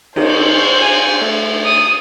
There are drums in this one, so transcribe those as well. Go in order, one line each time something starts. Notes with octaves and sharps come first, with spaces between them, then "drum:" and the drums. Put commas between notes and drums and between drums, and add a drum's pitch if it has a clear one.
D#3 C5, drum: cymbal
G#5
A3
D#6